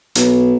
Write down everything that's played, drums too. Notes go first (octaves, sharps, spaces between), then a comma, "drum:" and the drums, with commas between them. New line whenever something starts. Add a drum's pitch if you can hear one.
B1, drum: hi-hat